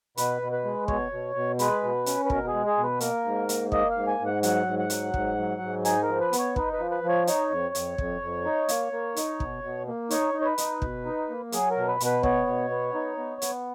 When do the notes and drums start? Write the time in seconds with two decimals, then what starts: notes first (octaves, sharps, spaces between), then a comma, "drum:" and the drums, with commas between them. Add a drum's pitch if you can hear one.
0.17 B2 B4, drum: hi-hat
0.41 B2
0.52 B4
0.65 G#3
0.88 B2 C#5, drum: kick
1.12 B2
1.35 B2
1.59 G#3 B4, drum: hi-hat
1.83 B2
2.06 C#4, drum: hi-hat
2.25 B4
2.30 B2 A#4, drum: kick
2.48 G#4
2.54 G#3
2.66 G#4
2.77 B2
2.83 B4
3.00 A#3 A#4, drum: hi-hat
3.25 G#2
3.49 A#3, drum: hi-hat
3.72 A#3 D#5, drum: kick
3.90 G#2 F5
4.07 G#5
4.20 G#2
4.26 F#5
4.43 F#3 F#5, drum: hi-hat
4.66 G#2
4.79 F#5
4.90 F#3, drum: hi-hat
5.14 G#2, drum: kick
5.37 F#3
5.62 G#2
5.85 D#4 G#5, drum: hi-hat
6.03 A#4
6.08 F3
6.20 B4
6.33 B3, drum: hi-hat
6.39 C#5
6.56 D#4 B4, drum: kick
6.73 B4
6.79 F3
6.91 B4
7.03 F3
7.09 C#5
7.27 D#4 C#5, drum: hi-hat
7.50 F2
7.75 F2, drum: hi-hat
7.98 F2, drum: kick
8.21 F2
8.45 D#4
8.69 A#3, drum: hi-hat
8.92 A#3
9.16 D#4, drum: hi-hat
9.40 B2, drum: kick
9.63 B2
9.87 A#3
10.10 D#4 C#5, drum: hi-hat
10.34 D#4
10.42 C#5
10.46 B4
10.58 D#4, drum: hi-hat
10.82 B2, drum: kick
11.05 D#4
11.29 A#3
11.52 F#3 G#4, drum: hi-hat
11.71 A#4
11.77 B2
11.88 B4
12.00 B2, drum: hi-hat
12.06 B4
12.23 B3 C#5, drum: kick
12.47 B2
12.70 B3
12.95 D#4
13.18 B3
13.42 B3, drum: hi-hat